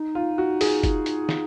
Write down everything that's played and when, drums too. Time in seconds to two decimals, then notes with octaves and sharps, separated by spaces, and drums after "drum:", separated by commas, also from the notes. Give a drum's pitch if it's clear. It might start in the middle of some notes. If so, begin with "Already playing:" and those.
Already playing: D#4
0.15 F4
0.38 F#4
0.61 G#4, drum: open hi-hat
0.83 drum: kick, hi-hat
1.06 drum: hi-hat
1.29 drum: snare